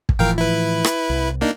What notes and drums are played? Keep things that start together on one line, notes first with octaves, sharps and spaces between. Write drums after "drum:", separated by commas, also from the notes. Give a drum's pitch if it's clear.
drum: kick
A2 E3 F3 A#4 F5 G5
E4 B4
drum: rim click
C2
A#3 D4 D#4